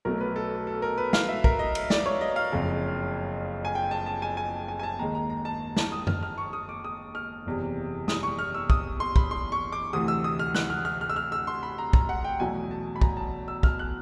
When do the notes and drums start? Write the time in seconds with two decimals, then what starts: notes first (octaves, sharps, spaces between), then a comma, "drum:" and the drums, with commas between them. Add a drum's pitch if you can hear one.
0.05 B1 B2 F#3 A3 A#4
0.21 B4
0.36 A4
0.67 A4
0.82 A#4
0.98 B4
1.13 F5, drum: snare
1.29 E5
1.44 A#4, drum: kick B1
1.59 D#5
1.75 drum: cymbal
1.90 D5, drum: snare
2.06 C#5
2.21 D#5
2.36 F5
2.52 F#1 F2 C#3
3.65 G#5
3.75 G5
3.91 A5
4.06 A5
4.22 G#5
4.37 G#5
4.68 G#5
4.79 G#5
4.83 A5
4.99 D#2 D#3 G#3 A#5
5.15 A#5
5.30 A#5
5.45 A5
5.76 A5, drum: snare
5.92 D#6
6.07 F6, drum: tom F#2
6.23 F6
6.38 C#6
6.53 D#6
6.69 D6
6.84 D#6
7.15 F6
7.46 F#1 E2 C3
8.08 D#6, drum: snare
8.23 C#6
8.39 F6
8.54 E6
8.70 D#6, drum: kick B1
9.00 C6
9.16 B5, drum: kick B1
9.31 C6
9.52 C#6
9.72 D6
9.93 D2 C3 E3 D#6
10.08 E6
10.24 D#6
10.39 F6
10.55 F#6, drum: snare
10.70 F6
10.85 F6
11.01 F6
11.10 E6
11.16 F6
11.32 E6
11.47 C6
11.63 B5
11.78 A#5
11.93 A#5, drum: kick B1
12.09 F#5
12.24 G5
12.40 E2 B2 F#3 A3 G#5
12.71 A5
12.96 B5
13.01 A#5, drum: kick B1
13.17 A5
13.48 E6
13.63 F6, drum: kick B1
13.79 F#6